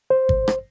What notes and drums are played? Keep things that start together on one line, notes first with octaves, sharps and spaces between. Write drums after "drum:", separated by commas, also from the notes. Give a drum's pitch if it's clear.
C5
drum: kick
drum: rim click